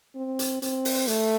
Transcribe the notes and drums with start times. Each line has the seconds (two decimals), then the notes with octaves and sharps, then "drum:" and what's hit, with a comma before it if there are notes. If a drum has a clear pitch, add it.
0.15 C4
0.39 drum: hi-hat
0.62 C4, drum: hi-hat
0.85 drum: open hi-hat
1.07 A3, drum: hi-hat